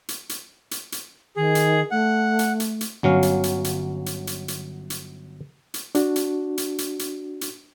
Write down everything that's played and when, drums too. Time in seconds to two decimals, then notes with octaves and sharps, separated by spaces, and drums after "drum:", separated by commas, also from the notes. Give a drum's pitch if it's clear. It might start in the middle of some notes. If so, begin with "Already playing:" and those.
0.08 drum: hi-hat
0.29 drum: hi-hat
0.71 drum: hi-hat
0.92 drum: hi-hat
1.37 D#3 G#4
1.55 drum: hi-hat
1.91 A3 F#5
2.39 drum: hi-hat
2.60 drum: hi-hat
2.81 drum: hi-hat
3.03 G1 F#3 C#4 F5
3.23 drum: hi-hat
3.43 drum: hi-hat
3.64 drum: hi-hat
4.06 drum: hi-hat
4.27 drum: hi-hat
4.48 drum: hi-hat
4.90 drum: hi-hat
5.74 drum: hi-hat
5.95 D4 F#4, drum: hi-hat
6.16 drum: hi-hat
6.58 drum: hi-hat
6.78 drum: hi-hat
6.99 drum: hi-hat
7.41 drum: hi-hat